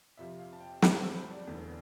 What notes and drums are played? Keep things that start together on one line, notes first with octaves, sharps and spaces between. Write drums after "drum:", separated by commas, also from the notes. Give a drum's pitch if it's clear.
F2 C3 F3 E5
F5
A5
G5
B5, drum: snare
C5
C5
D5
E1 E2 D3 A3